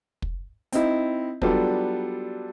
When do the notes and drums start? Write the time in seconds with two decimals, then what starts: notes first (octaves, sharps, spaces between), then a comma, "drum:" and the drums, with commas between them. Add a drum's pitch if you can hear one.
0.22 drum: kick
0.72 C4 D#4 E4, drum: hi-hat
1.42 F#3 G3 B3 D4 F4 A4, drum: kick